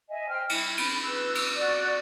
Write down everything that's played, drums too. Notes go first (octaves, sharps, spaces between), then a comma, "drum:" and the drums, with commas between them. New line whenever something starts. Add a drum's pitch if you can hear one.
D#5 E5 G#5
C5 G5 F6
E4, drum: cymbal
B5, drum: cymbal
B4 E6
drum: cymbal
F#4 D5